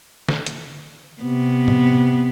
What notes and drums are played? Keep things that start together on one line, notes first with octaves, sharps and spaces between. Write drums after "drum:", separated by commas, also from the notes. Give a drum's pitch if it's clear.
drum: snare
drum: hi-hat
C3 B3
drum: tom A2